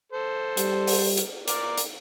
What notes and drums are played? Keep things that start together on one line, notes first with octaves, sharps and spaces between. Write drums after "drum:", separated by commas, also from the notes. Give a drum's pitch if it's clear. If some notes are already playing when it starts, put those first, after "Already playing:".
A4 C5
G3, drum: hi-hat
drum: open hi-hat
drum: hi-hat
A#4 D5, drum: hi-hat
drum: hi-hat